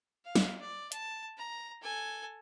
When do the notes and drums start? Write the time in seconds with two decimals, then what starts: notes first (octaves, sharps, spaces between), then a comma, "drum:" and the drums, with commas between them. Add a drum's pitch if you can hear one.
0.25 F5
0.36 drum: snare
0.60 D5
0.92 A5, drum: hi-hat
1.37 A#5
1.82 A4 G#5